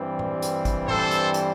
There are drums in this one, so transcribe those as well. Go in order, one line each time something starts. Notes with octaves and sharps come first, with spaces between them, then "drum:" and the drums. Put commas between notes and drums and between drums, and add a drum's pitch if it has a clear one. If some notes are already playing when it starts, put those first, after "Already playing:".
Already playing: G2 E3 G3 C4
drum: tom A2
drum: hi-hat
drum: kick, hi-hat
A4 C5, drum: tom A2
drum: hi-hat
drum: hi-hat